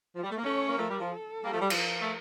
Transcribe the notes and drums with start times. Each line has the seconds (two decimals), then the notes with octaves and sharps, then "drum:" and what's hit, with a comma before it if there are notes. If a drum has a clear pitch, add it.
0.16 F3
0.23 G3
0.30 A3
0.38 A#3
0.45 A3 C#4 C#5
0.69 A#3
0.78 F3 A3 A#4
0.89 G3
1.00 F3
1.12 A4
1.45 G3 A#3
1.53 F3 A3
1.62 G3
1.70 F3, drum: cymbal
1.78 A#4
2.01 A3